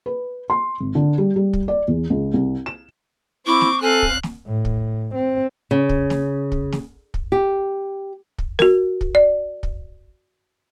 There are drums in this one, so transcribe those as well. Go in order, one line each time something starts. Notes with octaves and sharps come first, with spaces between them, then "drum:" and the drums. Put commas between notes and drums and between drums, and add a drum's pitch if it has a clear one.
B4
C6
G#1
D3
G3
G3
drum: kick
D5
E2
C#2
C2
E7
C4 E4 C#6 D6
drum: snare
C4 A4 F5 G#5 F#6
drum: kick
drum: snare
A2
drum: kick
C4
C#3
drum: kick
drum: snare
drum: kick
drum: snare
drum: kick
G4
drum: kick
F#4 A#4, drum: snare
drum: kick
D5
drum: kick